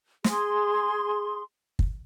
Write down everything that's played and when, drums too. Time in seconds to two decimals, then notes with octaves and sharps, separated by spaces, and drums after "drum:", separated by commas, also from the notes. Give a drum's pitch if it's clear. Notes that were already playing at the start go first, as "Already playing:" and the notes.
0.24 G#4 C6, drum: snare
1.79 drum: kick